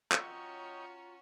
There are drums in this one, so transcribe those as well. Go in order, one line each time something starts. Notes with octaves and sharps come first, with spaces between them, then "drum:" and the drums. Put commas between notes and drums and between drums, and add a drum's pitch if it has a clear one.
C#4 F4 F#4 C#5 D#5 G5 A#5, drum: clap